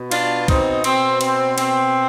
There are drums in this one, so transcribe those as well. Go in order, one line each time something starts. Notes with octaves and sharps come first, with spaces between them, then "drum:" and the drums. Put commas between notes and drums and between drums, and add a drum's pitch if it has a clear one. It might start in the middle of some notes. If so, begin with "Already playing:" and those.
Already playing: B2
D4 F4, drum: cymbal
C4 D#4, drum: kick, cymbal
B2 C4, drum: cymbal
C4, drum: cymbal
C4, drum: cymbal